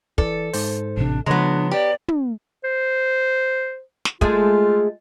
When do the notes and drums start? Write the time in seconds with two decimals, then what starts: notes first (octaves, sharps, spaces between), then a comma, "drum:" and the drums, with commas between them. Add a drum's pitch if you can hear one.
0.18 E3 A4 D5, drum: kick
0.53 G#2 C5, drum: open hi-hat
0.97 A1 C3 D4
1.26 C#3 F3 G#3 B3 D4 B4 C#5 A#5
1.71 G4 D5
2.08 drum: tom
2.64 C5
4.05 drum: snare
4.21 G#3 A3 F4 G#4, drum: kick